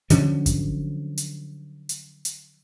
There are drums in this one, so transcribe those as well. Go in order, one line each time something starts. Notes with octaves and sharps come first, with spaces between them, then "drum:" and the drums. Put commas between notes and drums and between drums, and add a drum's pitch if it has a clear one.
D3 F3 F#3 C#4, drum: hi-hat
drum: kick G#1, hi-hat
drum: hi-hat
drum: hi-hat
drum: hi-hat